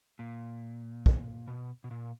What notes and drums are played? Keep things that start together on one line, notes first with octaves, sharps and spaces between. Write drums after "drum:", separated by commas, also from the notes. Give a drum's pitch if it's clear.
A#2
drum: kick
B2
B2
A#2